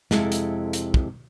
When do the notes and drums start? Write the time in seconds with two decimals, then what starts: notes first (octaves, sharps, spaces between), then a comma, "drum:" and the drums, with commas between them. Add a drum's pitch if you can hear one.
0.11 F2 C3 G#3 E4 A4, drum: snare
0.32 drum: hi-hat
0.73 drum: hi-hat
0.94 drum: kick